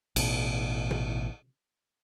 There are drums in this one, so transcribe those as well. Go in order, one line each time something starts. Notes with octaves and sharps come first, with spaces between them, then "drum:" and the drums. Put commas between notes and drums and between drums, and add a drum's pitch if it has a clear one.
A1 B2, drum: cymbal
drum: tom